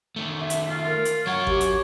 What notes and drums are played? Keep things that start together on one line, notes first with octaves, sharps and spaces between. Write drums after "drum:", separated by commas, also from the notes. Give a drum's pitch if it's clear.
D#3 A3
E5
drum: hi-hat
F4
A#4
drum: hi-hat
F#3 A#4 C#5 F#5
G4, drum: kick G#1
drum: hi-hat